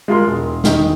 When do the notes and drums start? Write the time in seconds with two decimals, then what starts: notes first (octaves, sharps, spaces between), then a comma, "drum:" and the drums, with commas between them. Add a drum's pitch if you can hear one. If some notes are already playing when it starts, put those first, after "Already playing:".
0.08 G#3 F4 A#4 C6
0.27 E1
0.64 E1 D#3 D#4, drum: snare